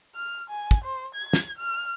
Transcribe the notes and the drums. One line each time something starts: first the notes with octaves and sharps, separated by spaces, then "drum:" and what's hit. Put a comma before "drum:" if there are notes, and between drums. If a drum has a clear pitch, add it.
F6
G#5
drum: kick
C5
G#6
drum: snare
F6